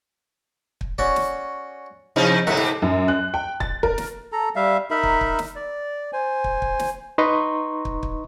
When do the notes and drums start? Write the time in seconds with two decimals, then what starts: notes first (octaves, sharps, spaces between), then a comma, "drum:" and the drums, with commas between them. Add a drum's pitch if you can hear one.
0.81 drum: kick
0.98 C#4 F#4 D5, drum: kick
1.16 drum: snare
2.16 C3 F3 D#4 E4
2.47 G#2 C3 D#3 E4 E5 F#5
2.57 drum: snare
2.82 F#2
3.08 F#6
3.34 G5
3.60 A6, drum: kick
3.83 A#4, drum: kick
3.98 drum: snare
4.32 A4 A#5
4.56 G3 E5 F5
4.91 D#4 A#4 E5 B5
5.03 drum: kick
5.21 drum: kick
5.39 drum: snare
5.56 D5
6.13 C5 G#5
6.44 drum: kick
6.62 drum: kick
6.79 drum: snare
7.18 D#4 B4 D#5 A#5 C6 C#6
7.85 drum: kick
8.03 drum: kick